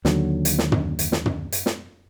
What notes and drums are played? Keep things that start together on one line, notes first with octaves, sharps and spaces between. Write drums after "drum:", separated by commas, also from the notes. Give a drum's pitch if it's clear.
D#2 D3 F#3, drum: snare
drum: hi-hat
drum: snare
drum: tom
drum: hi-hat
drum: snare
drum: tom
drum: hi-hat
drum: snare